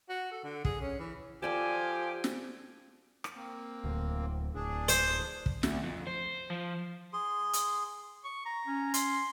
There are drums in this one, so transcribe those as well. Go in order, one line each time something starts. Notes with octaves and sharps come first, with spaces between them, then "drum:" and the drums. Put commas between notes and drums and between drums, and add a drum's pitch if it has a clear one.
F#4
A4
D3
G#4, drum: kick
C#4
E3
F3 G4 A4 D5 G#5 A5
drum: snare
drum: rim click
A#3 C4
D1 D2
D1 D4 G#4
C5, drum: hi-hat
drum: kick
D2, drum: snare
F2
C5
F3
G#4 C6
drum: hi-hat
C#6
A#5
C#4
C6, drum: hi-hat